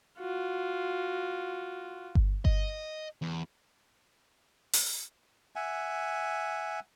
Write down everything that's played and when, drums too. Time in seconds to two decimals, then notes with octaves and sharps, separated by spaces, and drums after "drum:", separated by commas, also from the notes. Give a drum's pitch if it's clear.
0.19 F4 F#4
2.15 drum: kick G1
2.45 D#5, drum: kick G1
3.22 E2
4.73 drum: open hi-hat
5.56 E5 F#5 G#5